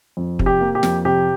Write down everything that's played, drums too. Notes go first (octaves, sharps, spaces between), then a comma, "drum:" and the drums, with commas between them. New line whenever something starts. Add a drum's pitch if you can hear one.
F2
C3, drum: kick
G4
A#3
G4
F2, drum: snare
C3 G4